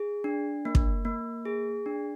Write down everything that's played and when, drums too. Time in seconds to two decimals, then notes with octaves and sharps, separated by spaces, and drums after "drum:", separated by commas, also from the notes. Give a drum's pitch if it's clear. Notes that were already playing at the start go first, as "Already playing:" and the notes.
Already playing: G#4
0.24 D4
0.65 A#3
0.75 drum: kick
1.05 A#3
1.45 G#4
1.86 D4